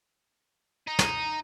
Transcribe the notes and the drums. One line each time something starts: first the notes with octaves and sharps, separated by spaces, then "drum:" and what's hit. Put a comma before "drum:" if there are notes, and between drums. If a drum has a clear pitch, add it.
D#4
drum: snare